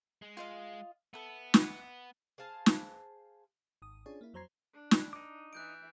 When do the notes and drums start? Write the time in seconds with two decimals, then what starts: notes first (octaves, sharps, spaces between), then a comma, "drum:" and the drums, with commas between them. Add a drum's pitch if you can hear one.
0.22 G#3
0.37 F4 D#5 F5
1.14 B3 A4 E5
1.54 drum: snare
2.38 G#4 C5 F5 A5
2.66 drum: snare
3.82 G#1 D#6
4.06 C#4 D4 F4 G#4 C#5
4.21 A#3 E4
4.34 F2 F#3 C5 A#5 G#6 C7
4.74 D4
4.91 drum: snare
5.13 D#4 D6
5.53 E3 E5 F#6 G6 D7